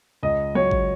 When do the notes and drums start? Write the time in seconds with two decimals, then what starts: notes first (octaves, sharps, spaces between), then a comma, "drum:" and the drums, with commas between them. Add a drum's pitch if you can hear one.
0.23 C#2 D#5
0.55 F#3 C#5
0.71 drum: kick G#1